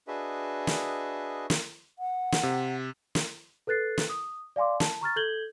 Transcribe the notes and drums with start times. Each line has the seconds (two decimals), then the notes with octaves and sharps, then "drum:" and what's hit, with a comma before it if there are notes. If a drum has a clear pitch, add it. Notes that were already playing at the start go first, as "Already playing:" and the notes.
0.08 D4 F#4 G#4 B4 D#5 E5
0.67 drum: snare
1.50 drum: snare
1.99 F#5
2.32 drum: snare
2.43 C3
3.15 drum: snare
3.67 A4 B4 F#6 A6 C7
3.98 drum: snare
4.09 D#6
4.56 D5 F5 G#5 C6 D6
4.80 A5, drum: snare
5.01 A#5 C#6 F6 A6
5.16 A4 G6 G#6 F#7 G7